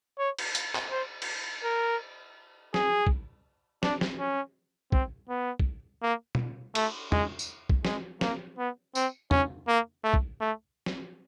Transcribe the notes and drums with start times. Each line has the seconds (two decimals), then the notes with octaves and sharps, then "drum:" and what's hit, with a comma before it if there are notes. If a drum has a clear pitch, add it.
0.19 C#5
0.39 drum: cymbal
0.55 drum: hi-hat
0.75 drum: clap
0.91 C5
1.22 drum: cymbal
1.64 A#4
2.74 G#4, drum: snare
3.07 drum: kick
3.83 D4, drum: snare
4.01 drum: snare
4.19 C#4
4.92 C4, drum: kick
5.29 B3
5.60 drum: kick
6.03 A#3
6.35 drum: tom B2
6.75 A3, drum: cymbal
7.12 G#3, drum: tom E2
7.39 drum: tambourine
7.70 drum: kick
7.85 G#3, drum: snare
8.21 A#3, drum: snare
8.58 B3
8.95 C4, drum: tambourine
9.31 C#4, drum: tom E2
9.68 A#3
10.04 A3
10.14 drum: kick
10.41 A3
10.86 drum: snare